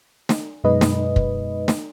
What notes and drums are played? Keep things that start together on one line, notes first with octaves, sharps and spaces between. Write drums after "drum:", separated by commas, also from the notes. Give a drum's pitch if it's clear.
drum: snare
F#2 B2 G#3 D#4 B4 D#5
drum: snare
drum: kick
drum: snare